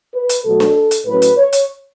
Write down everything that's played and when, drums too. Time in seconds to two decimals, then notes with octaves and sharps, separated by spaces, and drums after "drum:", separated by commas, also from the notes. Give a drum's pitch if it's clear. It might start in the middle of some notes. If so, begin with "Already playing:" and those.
0.13 B4
0.29 drum: hi-hat
0.44 B2 F#3 A3 A4
0.60 drum: snare D4
0.91 drum: hi-hat
1.06 A2 F#3 C#4 B4
1.22 drum: hi-hat
1.37 C#5
1.52 drum: hi-hat